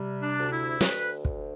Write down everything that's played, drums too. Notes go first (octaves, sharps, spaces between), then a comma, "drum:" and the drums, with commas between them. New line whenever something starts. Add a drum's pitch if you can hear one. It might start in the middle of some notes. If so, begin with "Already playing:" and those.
Already playing: C3 G3
D4
D2
E4
D2 B4, drum: snare
drum: kick